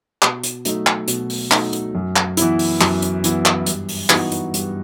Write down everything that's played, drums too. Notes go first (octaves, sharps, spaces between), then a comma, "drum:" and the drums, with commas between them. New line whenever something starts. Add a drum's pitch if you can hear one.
B2, drum: clap
drum: hi-hat
F#3 A3 D#4, drum: hi-hat
drum: clap
B2, drum: hi-hat
drum: open hi-hat
F#3 A3 D#4, drum: clap
drum: hi-hat
F#2
drum: clap
E3 B3 E4, drum: hi-hat
drum: open hi-hat
F#2, drum: clap
drum: hi-hat
E3 B3 E4, drum: hi-hat
drum: clap
G2, drum: hi-hat
drum: open hi-hat
E3 B3 D#4 F#4, drum: clap
drum: hi-hat
G2, drum: hi-hat